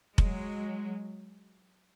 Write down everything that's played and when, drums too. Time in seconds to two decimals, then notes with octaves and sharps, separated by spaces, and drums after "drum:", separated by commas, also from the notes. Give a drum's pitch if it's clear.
0.18 F#3 G#3, drum: kick F1